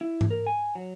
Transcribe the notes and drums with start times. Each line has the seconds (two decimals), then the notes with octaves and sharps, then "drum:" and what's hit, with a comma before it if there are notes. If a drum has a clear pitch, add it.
0.01 E4
0.21 drum: tom G#2
0.31 A#4
0.47 G#5
0.75 F#3